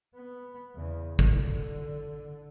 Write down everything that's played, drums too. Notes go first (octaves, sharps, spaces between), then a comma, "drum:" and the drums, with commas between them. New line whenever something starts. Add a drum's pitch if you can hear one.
B3
E2 C#3
D3, drum: kick G#1